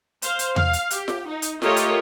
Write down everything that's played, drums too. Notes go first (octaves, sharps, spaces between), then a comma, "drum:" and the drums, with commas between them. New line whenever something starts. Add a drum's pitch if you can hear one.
C5 F5, drum: hi-hat
drum: hi-hat
F5, drum: tom E2
drum: hi-hat
G4, drum: hi-hat
drum: snare F4
D#4
drum: hi-hat
A3 F4 G4 A#4 C#5 D#5, drum: snare F4
drum: hi-hat